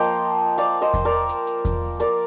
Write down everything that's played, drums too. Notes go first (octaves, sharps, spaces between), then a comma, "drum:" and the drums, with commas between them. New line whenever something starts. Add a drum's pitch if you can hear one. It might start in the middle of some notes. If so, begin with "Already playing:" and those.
Already playing: F3 A#3 F4 D#5 G5
D5 F5, drum: hi-hat
C5 D#5
drum: kick E2, hi-hat
A#4 D5
drum: hi-hat
drum: hi-hat
drum: kick E2, hi-hat
A#4 D5, drum: hi-hat